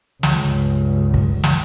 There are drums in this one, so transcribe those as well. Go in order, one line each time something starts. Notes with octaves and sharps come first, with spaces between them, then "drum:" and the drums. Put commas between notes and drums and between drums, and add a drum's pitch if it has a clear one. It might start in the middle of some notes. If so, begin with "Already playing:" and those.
C#2 G2, drum: snare
drum: kick
drum: snare